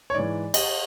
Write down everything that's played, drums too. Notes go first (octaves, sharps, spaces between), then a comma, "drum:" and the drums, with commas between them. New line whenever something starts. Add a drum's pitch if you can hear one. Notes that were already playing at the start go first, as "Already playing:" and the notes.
C#5
G#2 E3 D5
D#5, drum: cymbal